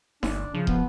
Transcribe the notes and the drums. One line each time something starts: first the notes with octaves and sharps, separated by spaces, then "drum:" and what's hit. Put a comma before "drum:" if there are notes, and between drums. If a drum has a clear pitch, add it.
G1 D4, drum: snare D#4
C#3 F3
B3, drum: kick